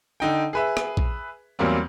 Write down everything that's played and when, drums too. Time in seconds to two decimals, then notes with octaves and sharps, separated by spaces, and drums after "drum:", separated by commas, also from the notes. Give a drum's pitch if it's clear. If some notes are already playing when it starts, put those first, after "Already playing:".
0.20 D3 D#4 G5
0.53 G#4 B4 E5
0.77 drum: rim click
0.97 drum: kick A#1
1.59 E2 F#3 G3 A#3 C4